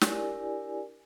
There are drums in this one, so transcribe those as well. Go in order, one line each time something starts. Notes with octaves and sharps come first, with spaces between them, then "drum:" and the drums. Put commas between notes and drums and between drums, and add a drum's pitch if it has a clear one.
D4 E4 G4 A#4 D5 G#5, drum: snare